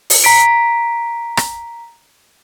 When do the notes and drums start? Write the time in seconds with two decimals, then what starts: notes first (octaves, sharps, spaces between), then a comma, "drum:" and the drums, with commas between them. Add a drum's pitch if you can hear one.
0.10 drum: open hi-hat
0.24 A#5 B6 D7
1.37 drum: rim click